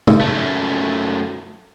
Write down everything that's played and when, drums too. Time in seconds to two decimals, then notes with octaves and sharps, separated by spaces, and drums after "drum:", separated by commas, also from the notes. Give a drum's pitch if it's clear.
0.07 drum: tom
0.21 F#2 A3